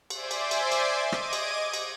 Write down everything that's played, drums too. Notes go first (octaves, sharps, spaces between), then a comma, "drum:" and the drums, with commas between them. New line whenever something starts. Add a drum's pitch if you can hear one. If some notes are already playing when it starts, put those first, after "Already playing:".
C5 D5 E5 G#5 C6 D6, drum: cymbal
drum: cymbal
drum: cymbal
drum: cymbal
D#5 D6 G#6 D#7
drum: rim click
drum: cymbal
drum: cymbal